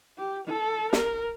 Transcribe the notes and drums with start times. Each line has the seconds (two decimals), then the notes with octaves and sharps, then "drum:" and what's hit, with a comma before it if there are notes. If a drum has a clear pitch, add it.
0.18 G4
0.47 A4
0.93 A#4, drum: snare